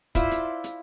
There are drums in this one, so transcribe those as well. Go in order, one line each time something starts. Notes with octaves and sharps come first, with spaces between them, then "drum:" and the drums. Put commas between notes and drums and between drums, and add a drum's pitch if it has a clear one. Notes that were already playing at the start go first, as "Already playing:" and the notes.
E4 F4 C5 D5, drum: kick, hi-hat
drum: hi-hat
drum: hi-hat